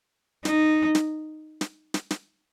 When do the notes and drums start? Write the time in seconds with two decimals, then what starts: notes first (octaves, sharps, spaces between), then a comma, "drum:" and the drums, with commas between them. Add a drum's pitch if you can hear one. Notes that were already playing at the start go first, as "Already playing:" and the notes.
0.45 D#4, drum: snare
0.95 drum: snare
1.61 drum: snare
1.94 drum: snare
2.11 drum: snare